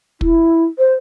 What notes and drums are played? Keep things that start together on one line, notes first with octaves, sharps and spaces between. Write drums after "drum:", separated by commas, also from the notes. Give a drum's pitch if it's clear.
E4, drum: kick
C5